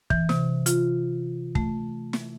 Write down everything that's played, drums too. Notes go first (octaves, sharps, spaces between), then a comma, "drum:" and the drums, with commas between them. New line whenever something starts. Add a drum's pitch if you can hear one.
E3, drum: kick
C3, drum: snare
F4, drum: hi-hat
A3, drum: kick
drum: snare